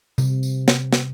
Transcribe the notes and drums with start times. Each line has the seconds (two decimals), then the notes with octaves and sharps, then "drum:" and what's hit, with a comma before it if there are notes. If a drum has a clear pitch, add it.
0.18 C3, drum: tambourine
0.43 drum: tambourine
0.68 drum: snare
0.93 drum: snare